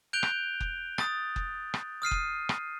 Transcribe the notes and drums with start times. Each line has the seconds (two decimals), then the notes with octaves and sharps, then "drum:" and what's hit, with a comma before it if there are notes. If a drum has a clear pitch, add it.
0.13 F#6 G6 D7 F7 G7
0.23 drum: rim click
0.60 drum: kick F#1
0.98 D#6 A6, drum: rim click
1.36 drum: kick F#1
1.74 drum: rim click
2.02 D#6 F6 C7 D#7
2.11 drum: kick F#1
2.49 drum: rim click